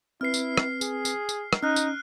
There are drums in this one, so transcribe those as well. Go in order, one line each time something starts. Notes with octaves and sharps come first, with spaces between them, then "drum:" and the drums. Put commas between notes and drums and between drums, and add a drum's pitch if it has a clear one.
C4 E4 B4 F6 C7
drum: tambourine
drum: rim click
G#4, drum: tambourine
drum: tambourine
drum: tambourine
drum: rim click
C#4 D#4 F6 F#6
drum: tambourine